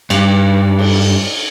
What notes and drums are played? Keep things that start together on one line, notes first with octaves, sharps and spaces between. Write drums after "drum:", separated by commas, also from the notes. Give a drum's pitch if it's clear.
G2, drum: cymbal
drum: cymbal